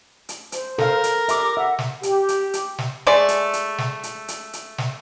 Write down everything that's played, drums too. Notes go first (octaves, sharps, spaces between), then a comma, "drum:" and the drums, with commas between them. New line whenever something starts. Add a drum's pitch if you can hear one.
drum: hi-hat
C5, drum: hi-hat
A4 A#4 F5, drum: snare
drum: hi-hat
G4 E5 C6 D6, drum: hi-hat
E5 F#5
drum: snare
G4, drum: hi-hat
drum: hi-hat
drum: hi-hat
drum: snare
G#3 A3 D5
drum: hi-hat
drum: hi-hat
drum: snare
drum: hi-hat
drum: hi-hat
drum: hi-hat
drum: snare